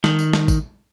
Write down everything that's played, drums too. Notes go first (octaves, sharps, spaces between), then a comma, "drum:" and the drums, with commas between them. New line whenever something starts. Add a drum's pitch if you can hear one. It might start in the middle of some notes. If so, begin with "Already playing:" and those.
D#3, drum: snare
drum: tambourine
drum: snare
drum: kick, tambourine